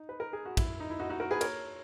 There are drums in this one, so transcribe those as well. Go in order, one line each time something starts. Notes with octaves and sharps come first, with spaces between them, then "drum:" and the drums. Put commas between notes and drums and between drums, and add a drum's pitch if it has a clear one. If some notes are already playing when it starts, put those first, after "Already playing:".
Already playing: D#4
B4
A#4
G#4
F#4
E4, drum: kick, cymbal
D#4
E4
D#4 F#4
D#4 F#4
F#4 A#4
G#4 B4
A#4 C#5, drum: cymbal